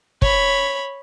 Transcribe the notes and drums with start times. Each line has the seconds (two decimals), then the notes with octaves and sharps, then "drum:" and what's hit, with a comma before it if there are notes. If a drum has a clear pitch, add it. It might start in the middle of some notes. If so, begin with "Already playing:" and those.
0.22 C#5 B5, drum: kick